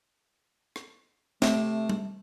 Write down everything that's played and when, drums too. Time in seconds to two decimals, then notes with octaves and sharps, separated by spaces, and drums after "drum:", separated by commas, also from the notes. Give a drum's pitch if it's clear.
0.76 drum: rim click
1.42 C3 A3, drum: snare
1.89 drum: tom G3